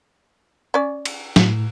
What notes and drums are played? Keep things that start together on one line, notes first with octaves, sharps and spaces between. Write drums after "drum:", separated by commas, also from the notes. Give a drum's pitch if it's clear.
C#4 D5
drum: cymbal
A2, drum: snare F#3